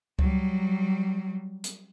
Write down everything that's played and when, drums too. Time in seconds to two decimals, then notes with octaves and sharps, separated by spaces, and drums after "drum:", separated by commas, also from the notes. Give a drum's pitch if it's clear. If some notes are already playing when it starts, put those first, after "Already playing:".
0.19 F#3 G3, drum: kick C#2
1.64 drum: hi-hat